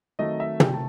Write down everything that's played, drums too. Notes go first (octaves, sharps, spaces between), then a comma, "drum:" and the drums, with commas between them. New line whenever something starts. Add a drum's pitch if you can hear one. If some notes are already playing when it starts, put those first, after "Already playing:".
D#3 F#3 A3 C4 D#5
E5
G5, drum: tom
A5